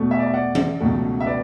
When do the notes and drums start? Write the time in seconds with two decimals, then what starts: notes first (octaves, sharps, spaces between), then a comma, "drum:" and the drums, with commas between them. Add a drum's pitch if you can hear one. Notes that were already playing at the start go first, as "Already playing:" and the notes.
Already playing: E2 B2 A3
0.11 E5 G#5
0.19 D5
0.26 E5
0.34 D5 F#5
0.55 drum: tom E3
0.80 C#2 B2 F#3 A3
1.20 E5
1.26 B4 D5